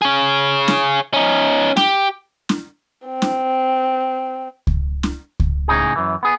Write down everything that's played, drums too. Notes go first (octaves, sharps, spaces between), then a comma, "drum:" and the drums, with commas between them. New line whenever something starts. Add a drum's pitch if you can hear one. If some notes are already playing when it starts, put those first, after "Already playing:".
G#4 C#5
drum: snare
C#4 D#4
G4, drum: snare
drum: snare
C4
drum: snare
drum: kick C#2
drum: snare
drum: kick C#2
A2 C#3 D#4 G#4
F#2 E3
B3 G#4